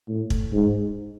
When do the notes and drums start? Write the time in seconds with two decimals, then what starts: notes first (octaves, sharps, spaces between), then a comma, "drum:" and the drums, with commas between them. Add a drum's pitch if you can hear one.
0.08 A2
0.30 drum: kick
0.53 G#2